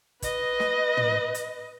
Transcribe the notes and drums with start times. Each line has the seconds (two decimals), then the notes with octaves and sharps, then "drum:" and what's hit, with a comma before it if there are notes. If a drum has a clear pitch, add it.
0.22 B4 D#5, drum: kick, hi-hat
0.60 drum: snare
0.97 drum: tom
1.34 drum: hi-hat